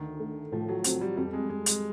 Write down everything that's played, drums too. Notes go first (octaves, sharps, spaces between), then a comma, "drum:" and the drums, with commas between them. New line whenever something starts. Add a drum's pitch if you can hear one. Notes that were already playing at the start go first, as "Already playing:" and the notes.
Already playing: D2 D#3
A3
A2 F3
F#3
F#3 C4, drum: hi-hat
G3
F2 G3
G#3
F2 G#3
G#3, drum: hi-hat